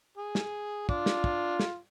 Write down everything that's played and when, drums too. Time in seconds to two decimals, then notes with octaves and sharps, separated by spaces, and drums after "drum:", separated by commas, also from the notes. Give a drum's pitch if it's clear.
0.17 G#4
0.35 drum: snare
0.89 D4 F4, drum: kick
1.06 drum: snare
1.24 drum: kick
1.59 drum: snare